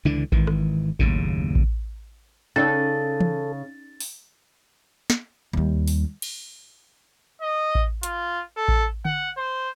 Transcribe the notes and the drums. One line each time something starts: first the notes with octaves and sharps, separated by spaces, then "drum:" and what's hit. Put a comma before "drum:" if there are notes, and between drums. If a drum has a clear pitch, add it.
C#2 D3 E3 D4
G#1 D#3 E3, drum: kick A1
drum: rim click
F#1 D#2 A2 C#3, drum: kick A1
drum: kick A1
C#3 C#4 D#4 A4 D5 A6
drum: tom E3
drum: open hi-hat
drum: snare
D#2 G3
drum: open hi-hat
drum: cymbal
D#5
drum: kick A1
F4, drum: hi-hat
A4
drum: kick A1
F#5, drum: tom D3
C5